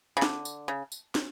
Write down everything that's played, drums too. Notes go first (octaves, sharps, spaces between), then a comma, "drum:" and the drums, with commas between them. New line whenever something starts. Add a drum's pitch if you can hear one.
C#3
D3, drum: snare
drum: tambourine
C#3
drum: tambourine
drum: snare